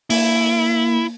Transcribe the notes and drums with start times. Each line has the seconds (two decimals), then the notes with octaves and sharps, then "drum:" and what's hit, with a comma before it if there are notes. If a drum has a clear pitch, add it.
0.10 A#3 E4, drum: open hi-hat